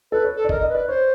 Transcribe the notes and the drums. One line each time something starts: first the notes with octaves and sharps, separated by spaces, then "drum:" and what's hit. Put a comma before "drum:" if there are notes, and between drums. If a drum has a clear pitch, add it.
A4 B4
C#5
A4
D5
A#4 D#5, drum: kick F#1
D#5
B4
D5
C5 C#5